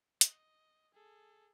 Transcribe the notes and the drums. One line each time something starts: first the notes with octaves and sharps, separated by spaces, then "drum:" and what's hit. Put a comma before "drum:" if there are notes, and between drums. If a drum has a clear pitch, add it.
D#5, drum: hi-hat
G#4 A4